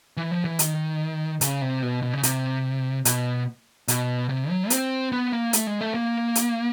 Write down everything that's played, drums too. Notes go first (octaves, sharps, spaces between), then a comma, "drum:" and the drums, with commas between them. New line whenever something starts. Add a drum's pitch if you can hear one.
E3
F3
E3
D#3, drum: hi-hat
C#3, drum: hi-hat
C3
B2
B2
C#3
C3, drum: hi-hat
B2, drum: hi-hat
B2, drum: hi-hat
C3
F#3
C4, drum: hi-hat
B3
A#3
A3, drum: hi-hat
G#3
A3
A#3
drum: hi-hat